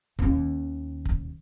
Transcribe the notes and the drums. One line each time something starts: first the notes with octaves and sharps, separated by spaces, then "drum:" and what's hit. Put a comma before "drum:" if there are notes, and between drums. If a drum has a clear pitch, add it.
D#2 C#4, drum: kick
drum: kick